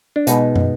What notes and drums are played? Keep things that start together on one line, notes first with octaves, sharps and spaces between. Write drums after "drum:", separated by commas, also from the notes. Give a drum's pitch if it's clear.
D4
B2 G#3 B3 D#4, drum: hi-hat
drum: tom